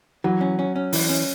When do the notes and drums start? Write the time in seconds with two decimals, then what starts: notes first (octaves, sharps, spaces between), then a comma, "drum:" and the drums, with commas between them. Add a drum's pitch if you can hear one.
0.24 E3 F#3
0.41 C#4
0.59 C#4
0.76 C#4
0.93 E3, drum: open hi-hat
1.09 C#4